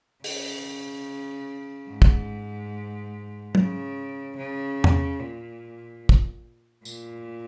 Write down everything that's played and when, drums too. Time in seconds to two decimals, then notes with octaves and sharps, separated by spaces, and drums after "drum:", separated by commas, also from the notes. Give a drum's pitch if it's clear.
0.24 C#3, drum: open hi-hat
1.90 G#2
2.02 drum: kick
3.55 C#3, drum: tom
4.37 C#3
4.84 drum: tom E2
5.20 A#2
6.09 drum: kick
6.85 A#2, drum: tambourine